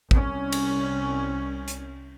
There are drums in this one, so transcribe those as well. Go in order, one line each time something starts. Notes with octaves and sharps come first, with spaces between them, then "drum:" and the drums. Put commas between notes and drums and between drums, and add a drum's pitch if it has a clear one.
C2 C#4, drum: kick A1
drum: cymbal
drum: hi-hat